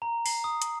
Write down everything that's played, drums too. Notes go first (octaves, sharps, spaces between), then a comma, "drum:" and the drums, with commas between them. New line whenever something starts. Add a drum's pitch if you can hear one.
A#5
C7, drum: open hi-hat
D#6
drum: hi-hat